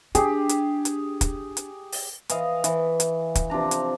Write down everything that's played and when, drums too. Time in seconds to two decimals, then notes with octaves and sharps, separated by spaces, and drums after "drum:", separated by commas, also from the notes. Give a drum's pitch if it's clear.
0.15 D4 G4 G#4, drum: hi-hat
0.49 drum: hi-hat
0.85 drum: hi-hat
1.21 drum: kick, hi-hat
1.57 drum: hi-hat
1.92 drum: open hi-hat
2.29 E3 D#5 F5, drum: hi-hat
2.64 E3, drum: hi-hat
3.00 drum: hi-hat
3.35 drum: kick, hi-hat
3.50 C3 F3 D4 A#5
3.71 drum: hi-hat